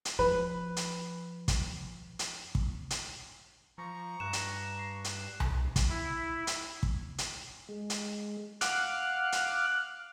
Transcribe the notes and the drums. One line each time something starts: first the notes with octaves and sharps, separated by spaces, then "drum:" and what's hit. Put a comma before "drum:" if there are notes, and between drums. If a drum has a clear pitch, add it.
drum: hi-hat
F3 B4
drum: hi-hat
drum: kick, hi-hat
drum: hi-hat
drum: kick
drum: hi-hat
F3 A#5 C#6
G2 F#6 E7
drum: hi-hat
C7
drum: hi-hat
drum: tom C2
drum: kick, hi-hat
E4
drum: hi-hat
drum: kick
drum: hi-hat
G#3
drum: hi-hat
F5 F#5 D6 F6 F#6, drum: hi-hat
drum: hi-hat